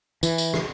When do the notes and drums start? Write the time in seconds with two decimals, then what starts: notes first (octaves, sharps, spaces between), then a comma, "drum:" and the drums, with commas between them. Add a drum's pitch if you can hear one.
0.23 E3, drum: tambourine
0.38 drum: tambourine
0.54 drum: rim click